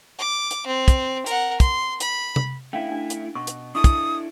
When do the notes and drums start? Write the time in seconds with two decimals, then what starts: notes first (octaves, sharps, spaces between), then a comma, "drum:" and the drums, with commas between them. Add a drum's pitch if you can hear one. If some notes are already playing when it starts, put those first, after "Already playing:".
0.19 D6
0.51 drum: hi-hat
0.67 C4
0.88 drum: kick, hi-hat
1.26 A#4 F#5, drum: hi-hat
1.60 C6, drum: kick, hi-hat
2.00 B5, drum: hi-hat
2.36 drum: tom C3
2.73 A3 C#4 D4 E4 F5
2.89 C#4 D4
3.10 drum: hi-hat
3.35 B2 C#6
3.47 drum: hi-hat
3.75 D4 E4 A4 C#6 D#6
3.84 drum: kick, hi-hat